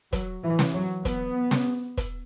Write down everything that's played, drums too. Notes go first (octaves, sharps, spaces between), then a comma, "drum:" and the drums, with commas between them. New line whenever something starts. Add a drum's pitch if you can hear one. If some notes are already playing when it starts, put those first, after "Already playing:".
F#3, drum: kick, hi-hat
E3
drum: snare
F#3
B3, drum: kick, hi-hat
drum: snare
drum: kick, hi-hat